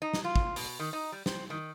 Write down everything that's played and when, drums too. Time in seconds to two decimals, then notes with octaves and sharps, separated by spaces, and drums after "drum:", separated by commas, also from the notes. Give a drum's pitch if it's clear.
0.02 D#4
0.14 drum: snare
0.24 F4
0.36 drum: kick
0.56 B2, drum: open hi-hat
0.80 D#3
0.93 D#4
1.12 G3
1.26 C4, drum: snare
1.50 D#3